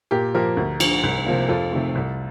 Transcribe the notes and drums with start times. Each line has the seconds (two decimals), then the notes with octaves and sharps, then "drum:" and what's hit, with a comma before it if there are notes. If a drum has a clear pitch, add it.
0.11 A#2 G4 A#4
0.34 F3 A#3 G4 A#4
0.57 D2
0.80 D3 F3, drum: cymbal
1.03 C2
1.26 C3 F3 A#3
1.48 F2 F4 A4
1.72 C3 D#3 A3
1.95 C2